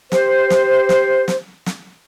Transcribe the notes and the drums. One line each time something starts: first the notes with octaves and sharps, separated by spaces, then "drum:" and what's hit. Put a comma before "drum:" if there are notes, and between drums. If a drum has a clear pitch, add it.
G4 C5, drum: snare
drum: snare
drum: snare
drum: snare
drum: snare